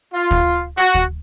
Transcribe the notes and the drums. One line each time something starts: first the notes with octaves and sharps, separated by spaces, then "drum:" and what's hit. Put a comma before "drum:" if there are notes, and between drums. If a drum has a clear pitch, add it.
F4
drum: kick
F#4
drum: kick